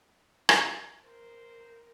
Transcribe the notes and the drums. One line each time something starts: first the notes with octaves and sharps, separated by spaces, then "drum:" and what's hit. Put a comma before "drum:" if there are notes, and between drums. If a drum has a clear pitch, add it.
drum: rim click
A#4 C5